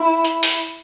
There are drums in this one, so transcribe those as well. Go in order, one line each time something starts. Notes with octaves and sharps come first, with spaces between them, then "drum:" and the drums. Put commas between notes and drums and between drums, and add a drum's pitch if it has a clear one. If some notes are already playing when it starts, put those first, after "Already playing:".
Already playing: E4
drum: hi-hat
drum: open hi-hat